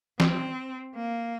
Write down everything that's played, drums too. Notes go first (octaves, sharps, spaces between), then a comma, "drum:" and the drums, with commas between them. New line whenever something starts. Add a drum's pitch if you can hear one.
C4, drum: snare F3
A#3